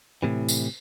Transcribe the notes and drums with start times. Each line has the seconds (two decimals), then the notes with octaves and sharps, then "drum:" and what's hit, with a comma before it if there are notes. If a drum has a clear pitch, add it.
0.23 A2 C3 E3
0.49 drum: tambourine